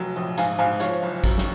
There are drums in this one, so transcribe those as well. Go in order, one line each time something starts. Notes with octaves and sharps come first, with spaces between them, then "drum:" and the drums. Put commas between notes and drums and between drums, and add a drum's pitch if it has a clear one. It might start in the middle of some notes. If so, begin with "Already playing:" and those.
Already playing: F1 F#3
A#1
G#2 F5 G#5, drum: tambourine
G#2 F5 G#5
F3 C#5 F5, drum: tambourine
F#1
F#2, drum: kick, tambourine
drum: snare